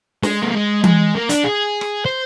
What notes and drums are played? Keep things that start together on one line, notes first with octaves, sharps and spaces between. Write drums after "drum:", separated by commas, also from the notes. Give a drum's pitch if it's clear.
G#3, drum: snare
A#3
G#3
G#3, drum: tom E3
A#3
D4, drum: hi-hat
G#4
drum: rim click
C5